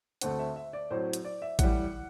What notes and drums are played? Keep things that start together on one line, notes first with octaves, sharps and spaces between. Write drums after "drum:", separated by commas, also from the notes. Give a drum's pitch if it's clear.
D2 D3 A3 C4 F#5, drum: hi-hat
E5
E5
D5
A2 F#3 C4 C5
drum: hi-hat
D5
E5
A2 E3 G3 F#5, drum: kick A1, hi-hat